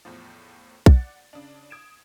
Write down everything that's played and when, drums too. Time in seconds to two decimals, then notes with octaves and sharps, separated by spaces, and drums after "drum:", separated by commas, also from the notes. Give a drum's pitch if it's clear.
0.05 E2 A2 F3
0.86 D5 F#5 A6, drum: kick B1
1.33 C#3 D4
1.70 D#6 G#6 D7 E7